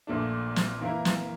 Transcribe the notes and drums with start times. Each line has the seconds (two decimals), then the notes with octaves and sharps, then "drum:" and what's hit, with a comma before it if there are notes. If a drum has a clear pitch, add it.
0.07 A#1 A#2 A3 D4
0.56 drum: snare
0.81 E3 A#3 E4 A#4
1.05 drum: snare